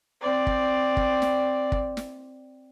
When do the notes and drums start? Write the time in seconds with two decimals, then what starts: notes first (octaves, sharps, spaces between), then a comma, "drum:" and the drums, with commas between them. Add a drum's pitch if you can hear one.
0.22 C4 D5
0.47 drum: kick
0.97 drum: kick
1.22 drum: snare
1.72 drum: kick
1.97 drum: snare